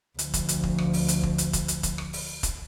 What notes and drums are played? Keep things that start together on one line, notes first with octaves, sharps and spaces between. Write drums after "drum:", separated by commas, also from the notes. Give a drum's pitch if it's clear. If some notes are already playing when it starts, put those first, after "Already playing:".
D2 F3, drum: hi-hat
drum: kick, hi-hat
drum: hi-hat
drum: kick
drum: rim click
drum: open hi-hat
drum: hi-hat
drum: kick
drum: hi-hat
drum: kick, hi-hat
drum: hi-hat
drum: kick, hi-hat
drum: rim click
drum: open hi-hat
drum: kick, hi-hat